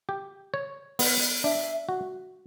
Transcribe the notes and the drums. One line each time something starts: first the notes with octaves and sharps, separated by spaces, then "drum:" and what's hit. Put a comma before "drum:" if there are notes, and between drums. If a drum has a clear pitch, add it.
G4
C#5
B3, drum: open hi-hat
D4 E5
F#4